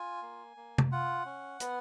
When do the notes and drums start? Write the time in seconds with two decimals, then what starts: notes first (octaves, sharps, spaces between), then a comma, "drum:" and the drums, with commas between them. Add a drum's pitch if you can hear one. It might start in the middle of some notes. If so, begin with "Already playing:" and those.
Already playing: F4 G#5
0.22 A#3
0.57 A#3
0.78 drum: tom C3
0.91 F4 F#5
1.26 C#4
1.60 B3, drum: hi-hat